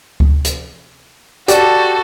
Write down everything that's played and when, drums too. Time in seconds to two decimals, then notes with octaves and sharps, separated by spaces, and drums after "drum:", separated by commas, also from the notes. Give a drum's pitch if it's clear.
0.20 drum: kick D2
0.45 drum: hi-hat
1.48 F#4 G4 A4 D5, drum: hi-hat